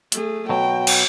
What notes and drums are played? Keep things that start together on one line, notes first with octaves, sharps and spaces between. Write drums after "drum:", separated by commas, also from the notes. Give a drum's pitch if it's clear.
A3 G#4, drum: hi-hat
B2 F#3 G5
drum: cymbal